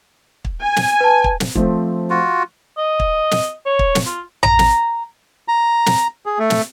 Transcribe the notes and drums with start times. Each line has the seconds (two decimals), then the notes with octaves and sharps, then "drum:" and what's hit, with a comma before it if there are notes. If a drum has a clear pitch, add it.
0.45 drum: kick
0.61 G#5
0.76 drum: snare
1.00 B4 A5
1.24 drum: kick
1.40 drum: snare
1.55 F3 A3 C4, drum: kick
2.10 F4 F#4
2.78 D#5
3.00 drum: kick
3.31 drum: snare
3.66 C#5
3.79 drum: kick
3.95 drum: snare
4.06 F4
4.43 A#5, drum: tom A1
4.59 drum: snare
5.48 A#5
5.86 drum: snare
6.26 G#4
6.39 A3
6.50 drum: snare